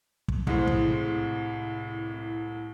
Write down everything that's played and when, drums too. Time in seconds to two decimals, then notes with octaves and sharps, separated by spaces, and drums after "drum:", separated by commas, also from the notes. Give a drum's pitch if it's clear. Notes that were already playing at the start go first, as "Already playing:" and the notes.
0.28 drum: kick
0.47 C2 A2 C3 G#3, drum: kick
0.67 drum: kick